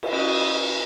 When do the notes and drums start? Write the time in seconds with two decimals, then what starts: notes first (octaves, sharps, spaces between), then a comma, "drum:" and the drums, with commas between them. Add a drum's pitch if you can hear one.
0.03 drum: cymbal
0.12 C#4 E4 F#4 D#5